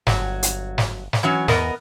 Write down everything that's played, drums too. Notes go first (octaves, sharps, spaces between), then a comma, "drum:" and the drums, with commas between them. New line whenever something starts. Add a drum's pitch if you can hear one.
G1 F#3, drum: snare
drum: hi-hat
drum: snare
drum: snare
E3 F#3 C#4
E2 B3 A#4 D#5, drum: snare